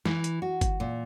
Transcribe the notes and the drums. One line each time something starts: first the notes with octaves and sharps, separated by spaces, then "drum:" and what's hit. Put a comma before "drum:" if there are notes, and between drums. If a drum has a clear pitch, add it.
E3, drum: snare
drum: hi-hat
F#4
drum: kick G1, hi-hat
A#2